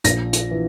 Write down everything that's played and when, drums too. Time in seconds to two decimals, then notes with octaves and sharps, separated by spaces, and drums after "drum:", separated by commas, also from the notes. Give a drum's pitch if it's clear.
0.04 A#1 A#6, drum: hi-hat
0.33 drum: hi-hat
0.51 E3